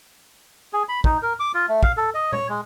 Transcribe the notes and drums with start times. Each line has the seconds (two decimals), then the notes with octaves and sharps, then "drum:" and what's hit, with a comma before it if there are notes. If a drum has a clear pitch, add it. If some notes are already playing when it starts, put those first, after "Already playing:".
0.73 G#4
0.89 B5
1.04 D#4, drum: kick
1.22 A#4
1.40 D6
1.54 F4
1.69 A3
1.83 F5, drum: kick
1.97 A4
2.14 D#5
2.32 C#5, drum: tom A#2
2.49 G#3